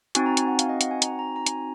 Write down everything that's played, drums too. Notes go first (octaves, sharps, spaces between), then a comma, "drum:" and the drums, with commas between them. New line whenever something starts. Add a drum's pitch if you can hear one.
C4 D#4 F#4 G#5, drum: hi-hat
A#5
G#5, drum: hi-hat
F#5
F5, drum: hi-hat
D#5
F#5, drum: hi-hat
G#5
A#5, drum: hi-hat
G#5
A#5
A#5
G#5, drum: hi-hat